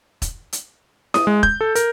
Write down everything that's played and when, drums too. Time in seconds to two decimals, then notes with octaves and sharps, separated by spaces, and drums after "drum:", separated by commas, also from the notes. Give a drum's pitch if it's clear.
0.22 drum: kick E1, hi-hat
0.53 drum: hi-hat
1.14 D#6, drum: snare E4
1.27 G#3
1.43 G6, drum: kick E1
1.61 A4
1.75 A#4, drum: hi-hat